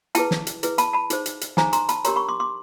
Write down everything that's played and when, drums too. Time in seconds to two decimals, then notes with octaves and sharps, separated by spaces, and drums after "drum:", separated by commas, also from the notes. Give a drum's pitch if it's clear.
0.15 E4 G#4 B4 G5 A5, drum: hi-hat
0.31 drum: snare
0.47 drum: hi-hat
0.63 E4 G#4 B4, drum: hi-hat
0.78 A5 B5, drum: hi-hat
0.93 A5 B5
1.10 D#4 G#4 C5, drum: hi-hat
1.26 drum: hi-hat
1.41 drum: hi-hat
1.57 D#4 G#4 C5 G#5 A#5, drum: snare
1.73 A#5 C6, drum: hi-hat
1.89 A5 B5, drum: hi-hat
2.04 D4 G4 A#4 C#5 A#5 C6, drum: hi-hat
2.16 B5 C#6
2.28 C6 D6
2.40 C6 D6